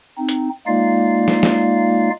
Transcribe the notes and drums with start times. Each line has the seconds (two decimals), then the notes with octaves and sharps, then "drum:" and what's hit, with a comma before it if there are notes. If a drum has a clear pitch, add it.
0.18 C4 D#4
0.29 drum: hi-hat
0.67 G#3 A#3 D#4 F4 D5 F5
1.28 drum: snare
1.43 drum: snare